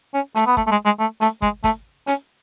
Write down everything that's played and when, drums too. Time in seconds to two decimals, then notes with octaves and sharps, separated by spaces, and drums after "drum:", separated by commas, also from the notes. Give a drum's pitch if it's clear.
0.14 C#4
0.35 A3, drum: hi-hat
0.46 B3
0.57 A3, drum: kick
0.67 A3
0.71 G#3
0.85 G#3
0.99 A3
1.21 A3, drum: hi-hat
1.42 G#3, drum: kick
1.64 A3, drum: kick, hi-hat
2.07 C#4, drum: hi-hat